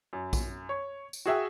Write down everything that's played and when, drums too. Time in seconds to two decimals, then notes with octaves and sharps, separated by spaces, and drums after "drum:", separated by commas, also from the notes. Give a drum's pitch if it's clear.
0.13 F#2
0.33 drum: kick A#1, tambourine
0.69 C#5
1.13 drum: tambourine
1.26 F#4 G#4 E5 G5